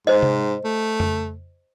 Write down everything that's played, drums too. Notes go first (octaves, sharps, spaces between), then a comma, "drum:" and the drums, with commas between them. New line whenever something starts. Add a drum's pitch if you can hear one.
G#2 C5 D#5
drum: tom C3
A3
drum: tom F2